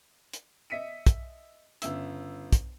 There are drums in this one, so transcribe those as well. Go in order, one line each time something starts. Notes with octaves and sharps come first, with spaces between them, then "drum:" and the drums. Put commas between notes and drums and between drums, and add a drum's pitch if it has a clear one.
drum: hi-hat
D#5 E5 B6 C#7 D#7
drum: kick, hi-hat
G1 C#3 E5 E6, drum: hi-hat
drum: kick, hi-hat